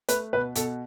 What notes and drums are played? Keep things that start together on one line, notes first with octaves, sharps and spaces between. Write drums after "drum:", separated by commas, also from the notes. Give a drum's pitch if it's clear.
A3 B4, drum: hi-hat
B2 B4
B2 A4, drum: hi-hat